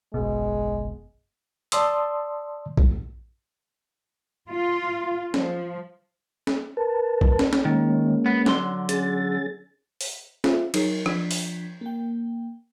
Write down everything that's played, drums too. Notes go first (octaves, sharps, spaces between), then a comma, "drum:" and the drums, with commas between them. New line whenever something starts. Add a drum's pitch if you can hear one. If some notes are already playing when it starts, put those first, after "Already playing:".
F#1 B1 B2 G#3
D5 A5 C6 D#6 E6, drum: hi-hat
drum: kick
F4
F3, drum: snare
drum: snare
A#4 B4 A5
drum: kick
drum: snare
drum: snare
D#3 G#3 A#3 C#4
B3
D3 F#3 C6, drum: snare
C#4 G#4 A6, drum: hi-hat
drum: open hi-hat
F4 C5 E5 F5, drum: snare
F#3 D#4 G#4 A#4 C#5, drum: cymbal
F3 D4 G#6 B6, drum: rim click
drum: open hi-hat
A#3 G5